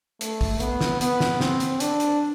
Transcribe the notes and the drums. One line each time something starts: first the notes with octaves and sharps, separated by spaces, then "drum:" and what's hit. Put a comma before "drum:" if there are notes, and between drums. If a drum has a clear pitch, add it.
A3, drum: hi-hat
drum: kick, open hi-hat
B3, drum: hi-hat
drum: snare
B3, drum: hi-hat
drum: snare
C4, drum: snare
drum: hi-hat
D4, drum: hi-hat
drum: hi-hat